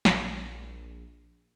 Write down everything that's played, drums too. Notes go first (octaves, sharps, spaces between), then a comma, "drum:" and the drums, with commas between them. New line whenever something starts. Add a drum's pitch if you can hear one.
A#1, drum: snare